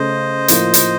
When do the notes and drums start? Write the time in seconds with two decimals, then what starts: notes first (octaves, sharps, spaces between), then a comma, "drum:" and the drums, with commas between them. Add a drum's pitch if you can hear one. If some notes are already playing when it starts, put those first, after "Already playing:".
Already playing: C#3 A3 C#4 A4 C5 D#5
0.48 A2 F3 A#3 F4, drum: hi-hat
0.74 drum: hi-hat